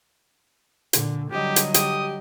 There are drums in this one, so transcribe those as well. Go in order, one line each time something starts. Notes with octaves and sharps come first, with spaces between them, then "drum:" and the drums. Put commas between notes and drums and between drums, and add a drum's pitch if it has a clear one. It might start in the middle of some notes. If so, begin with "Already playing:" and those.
A#2 D3, drum: hi-hat
D3 F#3 G3 G4 D#5
drum: hi-hat
G4 D#6, drum: hi-hat